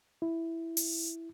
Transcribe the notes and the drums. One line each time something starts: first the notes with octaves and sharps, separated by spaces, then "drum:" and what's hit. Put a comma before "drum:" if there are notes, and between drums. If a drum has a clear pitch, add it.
E4
drum: open hi-hat